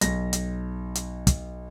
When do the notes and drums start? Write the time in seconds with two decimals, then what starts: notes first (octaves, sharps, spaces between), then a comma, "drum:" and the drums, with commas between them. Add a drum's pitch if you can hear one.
0.01 B1 A#6, drum: hi-hat
0.33 drum: hi-hat
0.95 drum: hi-hat
1.27 drum: kick, hi-hat